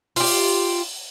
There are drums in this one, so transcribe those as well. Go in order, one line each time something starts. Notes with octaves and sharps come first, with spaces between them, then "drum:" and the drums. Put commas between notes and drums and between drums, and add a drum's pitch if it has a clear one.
F4 G4, drum: open hi-hat